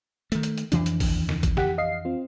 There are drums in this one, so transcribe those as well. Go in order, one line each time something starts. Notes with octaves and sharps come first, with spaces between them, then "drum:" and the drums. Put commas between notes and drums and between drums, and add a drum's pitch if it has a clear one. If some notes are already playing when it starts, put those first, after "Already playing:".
D#3 A3, drum: hi-hat
drum: hi-hat
drum: hi-hat
F2 E3 D4, drum: hi-hat
drum: hi-hat
drum: kick A1, open hi-hat
D#2
drum: snare
drum: kick A1, hi-hat
G4 F#5 B6, drum: snare
D#5 F5 C7
C4 F4